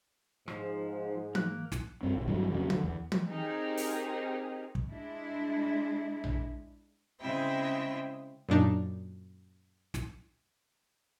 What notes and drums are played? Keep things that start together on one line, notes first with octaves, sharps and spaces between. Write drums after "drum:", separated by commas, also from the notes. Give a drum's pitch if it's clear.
G#2 F3, drum: rim click
A#3 F#6, drum: tom
drum: snare
G2 C4
A#1 D#2
G2 E3 F#3
F2 C#3 F#3
D3, drum: tom
E2
drum: tom
C4 D#4 G4 G#4 A#4
drum: open hi-hat
drum: kick
G#3 D4 E4
drum: tom A#1
C#3 G#3 C4 E4 G5
F#2 A#2 D4 D#4
drum: snare